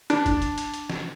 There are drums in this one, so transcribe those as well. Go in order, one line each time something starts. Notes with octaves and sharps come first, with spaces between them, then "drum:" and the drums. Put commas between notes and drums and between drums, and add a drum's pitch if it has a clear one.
D4, drum: hi-hat
drum: kick, hi-hat
drum: hi-hat
drum: hi-hat
drum: hi-hat
drum: snare